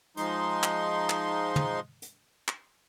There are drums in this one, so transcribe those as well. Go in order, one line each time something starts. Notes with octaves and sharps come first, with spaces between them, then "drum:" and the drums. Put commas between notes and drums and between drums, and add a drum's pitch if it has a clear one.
F3 G#3 D#4 C6, drum: hi-hat
drum: clap
drum: clap
drum: tom
drum: hi-hat
drum: clap